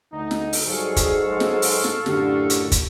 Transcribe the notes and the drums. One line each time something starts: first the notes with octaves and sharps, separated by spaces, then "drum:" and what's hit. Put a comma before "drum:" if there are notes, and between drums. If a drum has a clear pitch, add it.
D2 D#4
drum: snare
drum: open hi-hat
G#2 F#3 G3 G#4 A4 F5 C#6
drum: kick, hi-hat
F#3 G#3
drum: snare
drum: open hi-hat
drum: snare
F#2 A2 D3 G4, drum: snare
drum: hi-hat
drum: kick, hi-hat